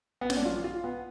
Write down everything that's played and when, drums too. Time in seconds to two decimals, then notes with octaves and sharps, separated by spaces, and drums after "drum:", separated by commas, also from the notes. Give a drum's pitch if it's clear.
0.21 B3
0.30 C#4, drum: snare
0.37 D4
0.45 F4
0.64 F4
0.84 B3